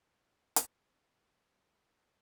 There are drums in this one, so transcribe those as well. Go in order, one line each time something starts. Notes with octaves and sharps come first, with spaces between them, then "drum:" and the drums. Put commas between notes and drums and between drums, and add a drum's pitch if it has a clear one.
D#6 C7 D7 D#7 F7 G7
drum: hi-hat
D#6 F#6 G6 A6 A#6
C#6 D6 E6 B6 F7